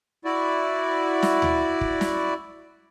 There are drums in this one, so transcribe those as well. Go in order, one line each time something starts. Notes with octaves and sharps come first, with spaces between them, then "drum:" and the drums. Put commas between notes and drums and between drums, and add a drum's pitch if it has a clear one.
E4 F#4 D5
drum: snare
drum: tom D2
drum: kick
drum: snare